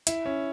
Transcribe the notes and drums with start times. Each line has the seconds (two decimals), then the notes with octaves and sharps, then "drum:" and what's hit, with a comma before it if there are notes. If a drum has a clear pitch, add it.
0.07 E4, drum: hi-hat
0.26 C#4